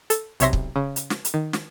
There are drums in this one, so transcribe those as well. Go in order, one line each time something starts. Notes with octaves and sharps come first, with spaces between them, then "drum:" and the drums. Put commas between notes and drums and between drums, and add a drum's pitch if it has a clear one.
A4, drum: hi-hat
B1 C3 C#5 E5 C6 A#6, drum: hi-hat
drum: kick
C#3
drum: hi-hat
drum: snare
drum: hi-hat
D#3
drum: snare